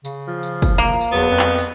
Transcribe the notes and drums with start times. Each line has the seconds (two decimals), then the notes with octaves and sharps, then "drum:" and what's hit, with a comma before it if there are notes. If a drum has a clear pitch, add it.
0.05 C#3, drum: tambourine
0.28 F3
0.43 drum: tambourine
0.62 drum: kick, tambourine
0.78 A#3
1.01 drum: tambourine
1.12 E2 F#3 B3
1.30 F2
1.39 drum: clap
1.59 drum: tambourine